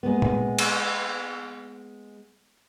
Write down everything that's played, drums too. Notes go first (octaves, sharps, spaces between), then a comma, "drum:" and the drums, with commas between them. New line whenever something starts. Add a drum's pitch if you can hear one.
G#3 A#3 B3
drum: tom A#2
drum: cymbal